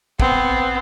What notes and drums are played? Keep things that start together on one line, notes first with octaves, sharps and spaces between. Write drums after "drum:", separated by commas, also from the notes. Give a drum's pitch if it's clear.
B3 C4, drum: kick